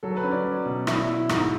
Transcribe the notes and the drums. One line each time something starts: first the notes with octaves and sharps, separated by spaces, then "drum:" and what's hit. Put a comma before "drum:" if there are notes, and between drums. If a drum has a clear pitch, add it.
F#3 A4
B4
C#4
D5
F#3
B2
E4 E5, drum: rim click
E4
G#2, drum: rim click